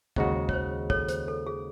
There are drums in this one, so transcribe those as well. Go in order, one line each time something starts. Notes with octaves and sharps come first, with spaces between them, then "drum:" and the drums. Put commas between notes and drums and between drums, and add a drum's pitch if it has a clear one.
D#2 C#3 G#3 D#4 F#4 C5 D#5, drum: kick
C#5, drum: kick
C5
A4 C#5, drum: kick
C5, drum: hi-hat
A4
G#4